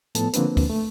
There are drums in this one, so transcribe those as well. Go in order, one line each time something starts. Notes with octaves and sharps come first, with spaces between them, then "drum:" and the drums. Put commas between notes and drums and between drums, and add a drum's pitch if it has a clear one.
A2 F3 B3 A4 A5, drum: hi-hat
D3 F3 A#3 C4 D4 B4, drum: hi-hat
drum: kick, open hi-hat
A3